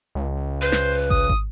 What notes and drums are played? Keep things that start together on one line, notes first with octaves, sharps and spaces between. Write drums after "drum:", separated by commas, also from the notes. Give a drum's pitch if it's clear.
C#2
B4 C5
drum: snare
D#6, drum: kick
drum: kick